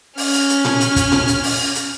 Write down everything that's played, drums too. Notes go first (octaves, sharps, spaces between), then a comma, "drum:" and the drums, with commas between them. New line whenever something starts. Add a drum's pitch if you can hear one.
C#4 F6, drum: open hi-hat
drum: hi-hat
drum: hi-hat
drum: tom A#2
drum: hi-hat
drum: kick, hi-hat
drum: tom A#2
drum: hi-hat
drum: open hi-hat
drum: hi-hat